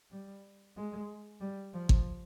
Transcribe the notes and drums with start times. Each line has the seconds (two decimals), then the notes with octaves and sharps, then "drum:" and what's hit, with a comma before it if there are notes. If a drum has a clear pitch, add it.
0.11 G3
0.77 G#3
1.40 G3
1.73 F3
1.89 drum: kick